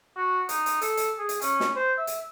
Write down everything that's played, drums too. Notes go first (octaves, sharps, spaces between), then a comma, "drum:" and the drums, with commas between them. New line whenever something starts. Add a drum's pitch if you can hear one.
F#4
D#4, drum: hi-hat
drum: hi-hat
A4, drum: hi-hat
drum: hi-hat
G#4
drum: hi-hat
C#4, drum: hi-hat
drum: snare
C5
E5
drum: hi-hat